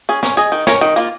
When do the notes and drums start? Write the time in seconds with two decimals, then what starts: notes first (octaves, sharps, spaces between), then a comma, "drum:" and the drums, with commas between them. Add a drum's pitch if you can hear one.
0.09 C#4 G#4
0.23 C#4, drum: snare
0.37 G#4 D#5, drum: hi-hat
0.52 D#3, drum: hi-hat
0.67 C#4 A#4 C#5, drum: snare
0.81 D#3, drum: hi-hat
0.96 A#3 F4, drum: hi-hat